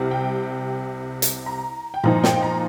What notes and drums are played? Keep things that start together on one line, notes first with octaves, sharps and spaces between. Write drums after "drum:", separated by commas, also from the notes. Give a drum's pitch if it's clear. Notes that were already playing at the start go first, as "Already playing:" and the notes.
Already playing: C2 C3 G3
G5
drum: hi-hat
A#5
G5
A#2 F3 D#4 A#5, drum: tom G2
G5, drum: snare
A#5